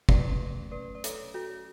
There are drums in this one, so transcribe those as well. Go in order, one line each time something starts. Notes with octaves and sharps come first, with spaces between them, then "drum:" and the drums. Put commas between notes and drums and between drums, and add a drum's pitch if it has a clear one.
F#3 A3 C#4 B4 D5, drum: kick
B4 D5
D5
A4 C#5, drum: hi-hat
F#4 A4